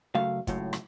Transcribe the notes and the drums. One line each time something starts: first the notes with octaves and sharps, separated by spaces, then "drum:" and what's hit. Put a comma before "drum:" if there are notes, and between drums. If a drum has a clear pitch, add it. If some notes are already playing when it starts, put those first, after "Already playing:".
F#2 C#3 A3 F5
C#2 F#2 A2, drum: kick, hi-hat
drum: rim click